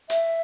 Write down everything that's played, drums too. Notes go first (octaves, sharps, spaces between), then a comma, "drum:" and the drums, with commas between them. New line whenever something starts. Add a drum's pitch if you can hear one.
E5, drum: hi-hat